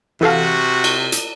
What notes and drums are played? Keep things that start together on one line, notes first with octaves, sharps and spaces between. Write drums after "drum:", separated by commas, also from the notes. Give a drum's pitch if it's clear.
C3 E3 F#4 A4 F5
drum: cymbal
drum: hi-hat